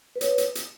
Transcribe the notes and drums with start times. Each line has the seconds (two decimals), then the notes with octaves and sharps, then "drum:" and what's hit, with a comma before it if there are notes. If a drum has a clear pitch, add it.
0.16 B4
0.21 C#5, drum: hi-hat
0.38 drum: hi-hat
0.55 drum: hi-hat